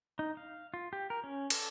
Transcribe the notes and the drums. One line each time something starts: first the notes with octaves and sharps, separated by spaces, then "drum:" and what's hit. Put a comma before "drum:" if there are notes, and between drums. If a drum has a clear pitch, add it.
D#4
F5
F4
G4
A#4
C#4
A4, drum: cymbal